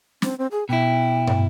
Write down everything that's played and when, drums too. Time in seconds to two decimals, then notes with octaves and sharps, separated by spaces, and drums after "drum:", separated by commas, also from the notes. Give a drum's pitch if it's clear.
0.22 C4, drum: snare
0.38 C4
0.51 G#4
0.69 B2 E4 G5
1.27 drum: tom